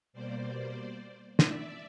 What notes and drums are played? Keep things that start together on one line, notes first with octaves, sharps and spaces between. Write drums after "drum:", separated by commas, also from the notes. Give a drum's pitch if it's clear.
B2 G3 A#3 C5 D5
D5 E5, drum: snare